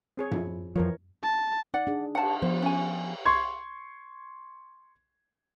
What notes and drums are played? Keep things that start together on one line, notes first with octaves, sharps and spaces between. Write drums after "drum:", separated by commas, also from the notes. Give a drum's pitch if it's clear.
C4 G#4 C#5
F3 E4, drum: tom F#2
F2 E3 F3 A#4 C#5
A5
D#4 D5 F#5
D4 G#4
F#5 A5, drum: cymbal
F3 B3 C5
C#4 G#5
C6 C#6 G#6